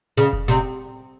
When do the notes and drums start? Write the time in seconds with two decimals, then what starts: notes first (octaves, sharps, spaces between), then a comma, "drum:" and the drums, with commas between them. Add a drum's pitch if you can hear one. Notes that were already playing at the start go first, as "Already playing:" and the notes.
0.17 C#3
0.33 drum: kick F1
0.48 C3